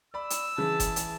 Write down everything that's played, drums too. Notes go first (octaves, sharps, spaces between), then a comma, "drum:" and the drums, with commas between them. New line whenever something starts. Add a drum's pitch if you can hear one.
D5 B5 E6
drum: hi-hat
C#3 E3 A5
drum: kick F#1, hi-hat
drum: hi-hat